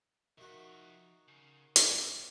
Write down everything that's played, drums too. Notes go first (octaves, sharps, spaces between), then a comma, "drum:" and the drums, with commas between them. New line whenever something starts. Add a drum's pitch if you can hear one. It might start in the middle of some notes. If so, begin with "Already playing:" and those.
D#3 F3 F#4 E5
C#3
A2, drum: hi-hat